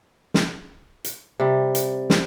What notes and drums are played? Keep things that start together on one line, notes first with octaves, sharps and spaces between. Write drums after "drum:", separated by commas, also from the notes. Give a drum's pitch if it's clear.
drum: snare
drum: hi-hat
C3 G3
drum: hi-hat
drum: snare